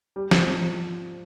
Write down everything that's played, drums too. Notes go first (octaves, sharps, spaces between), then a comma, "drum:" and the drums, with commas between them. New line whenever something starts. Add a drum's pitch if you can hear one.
G3
F3, drum: snare
F3